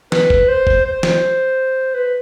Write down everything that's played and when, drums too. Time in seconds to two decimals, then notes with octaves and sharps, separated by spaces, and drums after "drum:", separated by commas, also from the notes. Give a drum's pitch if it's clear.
0.12 B4, drum: snare
0.30 drum: kick F#1
0.48 C5
0.67 drum: kick F#1
0.85 C5
1.03 drum: snare
1.94 B4